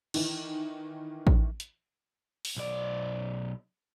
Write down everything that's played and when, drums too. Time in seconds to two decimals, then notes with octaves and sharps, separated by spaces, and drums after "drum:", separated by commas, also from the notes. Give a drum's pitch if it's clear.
0.14 D#3 E3, drum: cymbal
1.27 drum: kick A1
1.60 drum: hi-hat
2.45 drum: open hi-hat
2.57 B1 D5